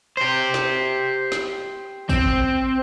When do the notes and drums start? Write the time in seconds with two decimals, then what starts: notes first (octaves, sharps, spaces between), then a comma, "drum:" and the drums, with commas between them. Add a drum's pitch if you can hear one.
0.17 G4 C5
0.54 drum: snare
1.32 drum: snare
2.09 C4, drum: kick, tambourine